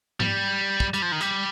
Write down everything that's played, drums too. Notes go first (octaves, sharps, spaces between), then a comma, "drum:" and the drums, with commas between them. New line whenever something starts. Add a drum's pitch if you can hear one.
G3, drum: tom G#2
drum: kick
G3, drum: hi-hat
F3
D#3
G3, drum: hi-hat